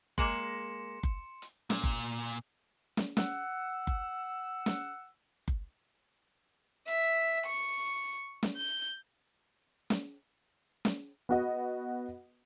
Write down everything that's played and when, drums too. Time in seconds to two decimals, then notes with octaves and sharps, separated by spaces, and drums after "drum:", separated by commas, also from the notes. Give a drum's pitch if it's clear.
0.18 G#3 A#3 C6 C#7 E7, drum: kick F#1
1.03 drum: kick F#1
1.42 drum: hi-hat
1.70 A#2, drum: snare
1.84 drum: kick F#1
2.97 drum: snare
3.17 F#5 E6, drum: snare
3.87 drum: kick F#1
4.66 drum: snare
5.48 drum: kick F#1
6.88 E5, drum: hi-hat
7.46 C#6
8.43 drum: snare
8.57 G6
9.90 drum: snare
10.85 drum: snare
11.29 B3 F#4 D#5